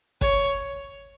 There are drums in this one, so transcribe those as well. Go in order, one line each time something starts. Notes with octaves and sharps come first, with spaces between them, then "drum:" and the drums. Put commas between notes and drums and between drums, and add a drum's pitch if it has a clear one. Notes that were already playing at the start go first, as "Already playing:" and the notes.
C#5, drum: kick